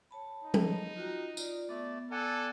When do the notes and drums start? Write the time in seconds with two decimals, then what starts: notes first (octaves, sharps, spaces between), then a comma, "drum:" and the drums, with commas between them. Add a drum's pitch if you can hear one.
0.11 C#5 A5 B5
0.43 D#4
0.54 drum: tom F3
0.96 F4 F#4 G5
1.37 F4 D5, drum: tambourine
1.69 A3 B3 D5
2.11 A4 D5 F#5 G#5